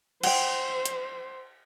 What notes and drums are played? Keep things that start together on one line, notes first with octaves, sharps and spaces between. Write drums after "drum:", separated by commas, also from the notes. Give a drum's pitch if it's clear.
C5 F#5 G5, drum: cymbal
drum: hi-hat